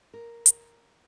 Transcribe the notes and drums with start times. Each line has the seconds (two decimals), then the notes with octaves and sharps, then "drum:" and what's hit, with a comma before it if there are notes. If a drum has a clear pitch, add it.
0.14 A#4
0.46 drum: hi-hat